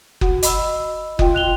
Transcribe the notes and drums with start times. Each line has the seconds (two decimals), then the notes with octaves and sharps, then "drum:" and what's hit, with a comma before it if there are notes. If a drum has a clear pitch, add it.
0.21 F#4 F#5, drum: kick F#1
0.43 D#5 B5 E6, drum: hi-hat
1.19 F4 D#5 G5, drum: kick F#1
1.34 F#6 F7 G7